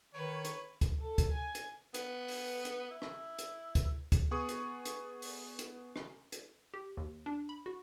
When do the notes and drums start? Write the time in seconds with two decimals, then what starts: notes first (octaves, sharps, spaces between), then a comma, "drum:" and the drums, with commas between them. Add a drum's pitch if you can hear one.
0.14 D#3 B4 C#5
0.45 drum: hi-hat
0.81 drum: kick, hi-hat
1.00 A4
1.18 drum: kick, hi-hat
1.34 G#5
1.55 drum: hi-hat
1.94 B3, drum: hi-hat
2.28 drum: open hi-hat
2.65 drum: hi-hat
2.91 E4
3.02 drum: rim click
3.39 drum: hi-hat
3.75 drum: kick, hi-hat
4.12 drum: kick, hi-hat
4.31 B3 G#4 C#6 D#6
4.49 drum: hi-hat
4.85 drum: hi-hat
5.22 drum: open hi-hat
5.59 drum: hi-hat
5.96 drum: rim click
6.32 drum: hi-hat
6.74 G4
6.97 D#2
7.26 D4
7.49 B5
7.66 F#4